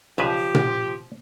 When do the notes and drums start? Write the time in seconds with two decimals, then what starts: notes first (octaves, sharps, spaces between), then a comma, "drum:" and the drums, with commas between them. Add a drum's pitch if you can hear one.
0.18 B1 C#3 F3 G4 B4
0.55 drum: tom A#2